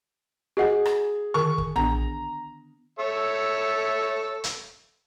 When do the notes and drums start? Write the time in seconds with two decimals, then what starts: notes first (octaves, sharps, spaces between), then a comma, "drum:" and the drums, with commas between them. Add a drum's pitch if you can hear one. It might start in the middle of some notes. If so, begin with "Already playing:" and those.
0.57 F#4 G#4 D#5 F#5
0.85 drum: rim click
1.34 D3 D#3 A#4 C#6
1.58 drum: kick G1
1.76 B3 D4 A#5, drum: tom A#1
2.99 A4 C#5 E5
4.44 drum: hi-hat